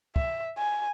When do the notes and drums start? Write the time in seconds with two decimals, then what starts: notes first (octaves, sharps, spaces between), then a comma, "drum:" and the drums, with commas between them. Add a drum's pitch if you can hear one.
0.16 E5, drum: kick
0.58 G#5